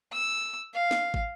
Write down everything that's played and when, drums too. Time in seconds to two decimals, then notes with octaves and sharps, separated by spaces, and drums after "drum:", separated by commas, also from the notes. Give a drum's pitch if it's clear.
0.12 E6
0.73 F5
0.91 drum: snare
1.14 drum: kick